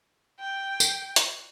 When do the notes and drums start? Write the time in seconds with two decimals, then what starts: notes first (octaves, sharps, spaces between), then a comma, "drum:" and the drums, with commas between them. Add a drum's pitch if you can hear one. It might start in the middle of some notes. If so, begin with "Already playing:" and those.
0.40 G5
0.80 drum: tambourine
1.16 drum: hi-hat